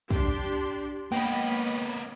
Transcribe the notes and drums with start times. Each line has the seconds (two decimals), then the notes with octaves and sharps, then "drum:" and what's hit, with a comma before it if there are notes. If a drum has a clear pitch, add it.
0.10 D4 G4 C6, drum: kick
1.12 A#3 B3 B4 C#5 D#5 G5 B5